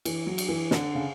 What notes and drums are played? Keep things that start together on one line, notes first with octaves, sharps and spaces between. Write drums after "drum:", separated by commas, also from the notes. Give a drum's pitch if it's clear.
E3, drum: cymbal
F#3
drum: cymbal
E3
D3, drum: snare
C#3